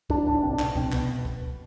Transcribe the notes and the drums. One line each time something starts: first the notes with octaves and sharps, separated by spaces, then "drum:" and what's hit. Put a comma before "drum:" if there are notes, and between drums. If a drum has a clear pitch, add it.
A2 D4, drum: kick C#2
A1 D4
C2 C4
D4
B2, drum: clap
D4
C2 C4, drum: kick C#2
B2 B3, drum: clap
drum: kick C#2